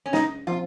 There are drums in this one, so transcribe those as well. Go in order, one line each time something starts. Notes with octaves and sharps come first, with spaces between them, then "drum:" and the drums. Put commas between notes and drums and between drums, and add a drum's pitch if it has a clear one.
C#4
C#3 D#4, drum: snare
F3 C4 F4